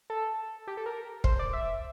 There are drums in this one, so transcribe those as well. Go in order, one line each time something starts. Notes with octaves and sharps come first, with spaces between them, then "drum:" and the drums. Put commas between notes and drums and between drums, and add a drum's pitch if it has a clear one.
A4
G4
A4
A#4
C5, drum: kick
D5
E5